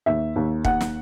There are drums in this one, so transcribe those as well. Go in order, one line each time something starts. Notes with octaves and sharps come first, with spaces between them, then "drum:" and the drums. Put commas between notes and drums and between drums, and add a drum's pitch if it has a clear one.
D#2 E5
D#2
D#2 F#5, drum: kick
drum: snare